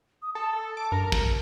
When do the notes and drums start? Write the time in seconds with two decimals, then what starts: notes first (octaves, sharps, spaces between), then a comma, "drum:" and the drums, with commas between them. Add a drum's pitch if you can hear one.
0.22 D#6
0.35 A4 A5
0.62 A5
0.77 D6
0.92 G2 A#4
1.12 drum: kick